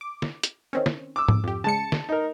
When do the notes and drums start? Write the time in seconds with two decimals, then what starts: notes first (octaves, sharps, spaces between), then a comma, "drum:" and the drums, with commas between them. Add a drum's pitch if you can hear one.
0.01 D6
0.22 drum: snare
0.43 drum: hi-hat
0.73 D#3 C4 C#4
0.86 drum: snare
1.16 D6 E6
1.28 drum: tom G#2
1.44 F2 G4
1.64 C#3 G#3 A5 C#7
1.92 drum: snare
2.09 D#4 A#4